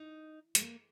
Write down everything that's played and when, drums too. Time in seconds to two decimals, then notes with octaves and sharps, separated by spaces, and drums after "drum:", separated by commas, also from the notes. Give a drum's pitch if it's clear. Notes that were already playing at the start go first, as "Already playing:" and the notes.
Already playing: D#4
0.55 G#3, drum: hi-hat
0.61 A#3